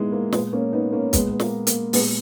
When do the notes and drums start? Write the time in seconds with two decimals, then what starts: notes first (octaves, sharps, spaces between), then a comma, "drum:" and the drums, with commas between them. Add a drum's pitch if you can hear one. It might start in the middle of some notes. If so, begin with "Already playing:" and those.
Already playing: A#2 G#3 B3 D#4 E4
0.12 A#3
0.33 A#2 G#3 B3, drum: snare
0.53 A#3 C#4
0.73 B3 D#4
0.92 A#3 C#4
1.13 A#2 G#3 B3, drum: kick, hi-hat
1.30 B3
1.40 A#3, drum: snare
1.67 A#3, drum: hi-hat
1.93 A#2 G#3 B3, drum: open hi-hat